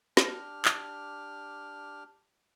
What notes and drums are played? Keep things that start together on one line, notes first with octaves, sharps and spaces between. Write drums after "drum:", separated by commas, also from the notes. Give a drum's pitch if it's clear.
D4 G4 F6, drum: snare
drum: clap